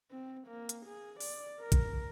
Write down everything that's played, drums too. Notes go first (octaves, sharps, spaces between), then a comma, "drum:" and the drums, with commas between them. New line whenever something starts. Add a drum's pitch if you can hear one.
C4
A#3
drum: hi-hat
G#4
D5, drum: open hi-hat
A#4
drum: kick A#1, hi-hat